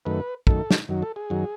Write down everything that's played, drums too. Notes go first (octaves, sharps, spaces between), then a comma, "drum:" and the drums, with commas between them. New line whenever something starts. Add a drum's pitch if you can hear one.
F#2 D#3 A3 B4
F#2 D#3 A3 A4, drum: kick
drum: snare
F#2 D#3 F#3
A4
G#4
F#2 D#3 F#3